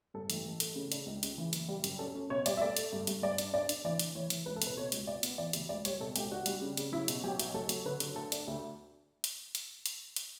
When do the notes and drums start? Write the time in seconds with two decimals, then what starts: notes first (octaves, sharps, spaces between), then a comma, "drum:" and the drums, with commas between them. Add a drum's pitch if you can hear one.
0.14 G2 A4
0.30 A1, drum: hi-hat
0.45 A1
0.60 A3, drum: hi-hat
0.76 C#3
0.92 D4, drum: hi-hat
1.06 C#2
1.23 C#3, drum: hi-hat
1.38 E3
1.53 F#1, drum: hi-hat
1.68 G3
1.84 F#2, drum: hi-hat
1.99 C#4 A4
2.15 C#4
2.30 B2 C#5
2.46 G3 D5, drum: hi-hat
2.57 E5
2.61 A3 D5
2.77 A3, drum: hi-hat
2.92 G2
3.07 G2, drum: hi-hat
3.22 G2 D5
3.38 D4, drum: hi-hat
3.53 D4 D5
3.69 D4, drum: hi-hat
3.85 E3 D5
3.99 E3, drum: hi-hat
4.15 E3 C#5
4.30 E3, drum: hi-hat
4.46 C#2 B4
4.56 A4
4.62 B2, drum: hi-hat
4.67 B4
4.77 B2 C#5
4.92 C#2, drum: hi-hat
5.07 B3 D5
5.23 B3, drum: hi-hat
5.38 E3 D5
5.53 D2, drum: hi-hat
5.69 C#2 D5
5.85 G3 C#5, drum: hi-hat
6.00 B2 A4
6.16 C#2 G4, drum: hi-hat
6.31 D4 F#4
6.46 G3, drum: hi-hat
6.62 C#3
6.77 C#3, drum: hi-hat
6.92 F#3 E4
7.08 B2, drum: hi-hat
7.24 F#3 G4
7.40 B1, drum: hi-hat
7.54 F#3 A4
7.69 F#3, drum: hi-hat
7.85 D3 B4
8.00 D3, drum: hi-hat
8.15 A3 A4
8.32 D4, drum: hi-hat
8.47 D2
9.24 drum: hi-hat
9.55 drum: hi-hat
9.86 drum: hi-hat
10.16 drum: hi-hat